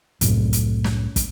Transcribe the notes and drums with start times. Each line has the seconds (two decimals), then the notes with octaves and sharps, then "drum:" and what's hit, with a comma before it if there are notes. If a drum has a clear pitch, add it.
0.21 C2 F#2 A2, drum: kick, hi-hat
0.53 drum: hi-hat
0.84 drum: snare
1.16 drum: kick, hi-hat